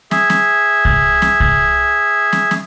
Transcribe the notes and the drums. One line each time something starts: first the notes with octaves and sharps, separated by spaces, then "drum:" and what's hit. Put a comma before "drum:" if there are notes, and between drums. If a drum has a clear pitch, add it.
G#4 E5, drum: snare
drum: snare
drum: kick C2
drum: snare
drum: kick C2
drum: snare
drum: snare